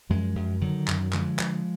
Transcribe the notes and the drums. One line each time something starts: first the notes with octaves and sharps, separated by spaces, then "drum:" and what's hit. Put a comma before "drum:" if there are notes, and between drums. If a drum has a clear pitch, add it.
F#2 F3 G#3
F#2
D3 D#3 F#3
F#2, drum: clap
D3 F3 G#3, drum: clap
D3, drum: clap